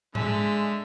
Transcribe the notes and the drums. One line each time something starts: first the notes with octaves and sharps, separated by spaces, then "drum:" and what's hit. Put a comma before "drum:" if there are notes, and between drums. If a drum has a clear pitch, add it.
D3 G#3 E5, drum: tom G#2